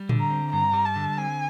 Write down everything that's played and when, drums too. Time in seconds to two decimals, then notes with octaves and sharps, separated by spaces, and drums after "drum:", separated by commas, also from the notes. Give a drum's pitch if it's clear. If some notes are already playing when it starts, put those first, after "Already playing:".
Already playing: G3
0.09 D3, drum: tom A2
0.20 A#5
0.30 C4
0.52 G2 A#5
0.73 G3
0.85 A5
0.96 D3
1.17 C4 G#5